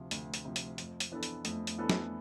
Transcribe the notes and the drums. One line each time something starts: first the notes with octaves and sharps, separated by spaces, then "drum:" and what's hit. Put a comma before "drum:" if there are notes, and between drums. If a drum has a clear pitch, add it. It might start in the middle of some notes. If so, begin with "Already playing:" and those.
Already playing: D2 C3 F3
D2 A3, drum: hi-hat
drum: hi-hat
C3 F3
drum: hi-hat
F2, drum: hi-hat
drum: hi-hat
E3 B3 D4 A4
drum: hi-hat
F2 A3, drum: hi-hat
drum: hi-hat
E3 B3 D4 A4
drum: snare